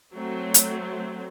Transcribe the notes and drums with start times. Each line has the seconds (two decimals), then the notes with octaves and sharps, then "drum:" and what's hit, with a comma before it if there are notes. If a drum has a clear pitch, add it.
0.13 F#3 A3 C4
0.54 drum: hi-hat